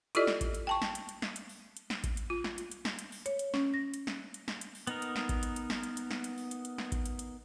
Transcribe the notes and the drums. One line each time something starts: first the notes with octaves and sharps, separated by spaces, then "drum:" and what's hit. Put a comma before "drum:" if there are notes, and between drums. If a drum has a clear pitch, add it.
E4 F4 G4 A4 D5 D#5, drum: hi-hat
drum: snare
drum: kick A1, hi-hat
drum: hi-hat
G5 A5 C#6
drum: snare
drum: hi-hat
drum: hi-hat
drum: snare
drum: hi-hat
drum: open hi-hat
drum: hi-hat
drum: snare
drum: kick A1, hi-hat
drum: hi-hat
F4
drum: snare
drum: hi-hat
drum: hi-hat
drum: snare
drum: hi-hat
drum: open hi-hat
C#5, drum: hi-hat
drum: hi-hat
C#4, drum: snare
A#6
drum: hi-hat
drum: snare
drum: hi-hat
drum: snare
drum: hi-hat
drum: open hi-hat
B3 D#4 A#4, drum: hi-hat
drum: hi-hat
drum: snare
drum: kick A1, hi-hat
drum: hi-hat
drum: hi-hat
drum: snare
drum: hi-hat
drum: hi-hat
drum: snare
drum: hi-hat
drum: open hi-hat
drum: hi-hat
drum: hi-hat
drum: snare
drum: kick A1, hi-hat
drum: hi-hat
drum: hi-hat